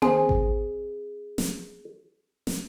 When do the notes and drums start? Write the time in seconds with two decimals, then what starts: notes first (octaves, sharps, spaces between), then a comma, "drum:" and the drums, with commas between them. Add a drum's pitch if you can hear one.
0.02 C4 G#4 C5, drum: tom A#3
0.29 drum: kick G#1
1.38 drum: snare
2.47 drum: snare